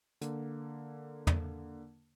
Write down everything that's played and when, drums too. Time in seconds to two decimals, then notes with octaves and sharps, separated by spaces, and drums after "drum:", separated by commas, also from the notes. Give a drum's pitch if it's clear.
0.21 D3 A#3, drum: hi-hat
1.27 drum: tom